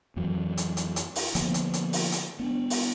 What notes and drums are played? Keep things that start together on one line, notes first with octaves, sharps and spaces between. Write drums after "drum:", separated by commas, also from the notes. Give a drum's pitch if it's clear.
F2 E3 F#3
drum: hi-hat
drum: hi-hat
drum: hi-hat
drum: open hi-hat
D3 F3 A#3 B3, drum: hi-hat
drum: hi-hat
drum: hi-hat
drum: open hi-hat
drum: hi-hat
B3 C4 D4
drum: open hi-hat